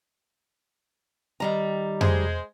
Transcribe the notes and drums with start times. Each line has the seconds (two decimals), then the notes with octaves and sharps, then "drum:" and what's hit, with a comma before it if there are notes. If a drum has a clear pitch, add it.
1.40 D#3 G3 A#5
2.01 G#3 C5, drum: tom F2